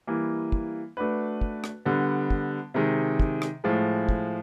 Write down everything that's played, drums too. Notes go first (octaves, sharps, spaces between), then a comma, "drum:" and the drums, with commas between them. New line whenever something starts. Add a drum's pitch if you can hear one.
E3 G3 A#3
drum: kick
A3 D4 F#4 B4
drum: kick
drum: rim click
D3 G3 B3
drum: kick
C3 D#3 G#3
drum: kick
drum: rim click
A2 F3 G#3
drum: kick